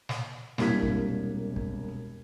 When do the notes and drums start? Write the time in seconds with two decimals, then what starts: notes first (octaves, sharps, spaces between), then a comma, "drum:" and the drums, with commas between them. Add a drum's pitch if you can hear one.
0.09 drum: snare
0.58 E1 C2 A#3 E4 G#6 B6, drum: snare
0.83 drum: kick
1.56 drum: kick